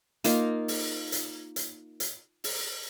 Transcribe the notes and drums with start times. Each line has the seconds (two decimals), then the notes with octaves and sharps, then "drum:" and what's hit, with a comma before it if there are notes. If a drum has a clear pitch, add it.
0.24 A#3 D#4 F4 F5, drum: hi-hat
0.68 drum: open hi-hat
1.12 drum: hi-hat
1.56 drum: hi-hat
2.00 drum: hi-hat
2.44 drum: open hi-hat